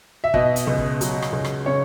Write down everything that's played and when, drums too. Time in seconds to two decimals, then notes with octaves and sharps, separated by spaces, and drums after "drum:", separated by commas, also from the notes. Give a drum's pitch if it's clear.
0.24 E5
0.34 B2 D#5, drum: kick
0.56 drum: hi-hat
0.67 C#2
0.78 drum: kick
1.01 F#3, drum: hi-hat
1.22 drum: rim click
1.33 C#2
1.45 drum: rim click
1.66 C#3 C#5